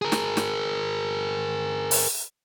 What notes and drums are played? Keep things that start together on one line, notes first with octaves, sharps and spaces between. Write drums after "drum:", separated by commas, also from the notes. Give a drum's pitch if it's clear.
G#4 A#4
drum: snare
drum: snare
drum: open hi-hat